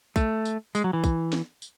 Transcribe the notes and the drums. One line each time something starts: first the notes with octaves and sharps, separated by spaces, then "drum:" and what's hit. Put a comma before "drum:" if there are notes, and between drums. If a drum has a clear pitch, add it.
A3, drum: kick, tambourine
drum: tambourine
G#3, drum: tambourine
F#3
E3
drum: kick, tambourine
drum: snare
drum: tambourine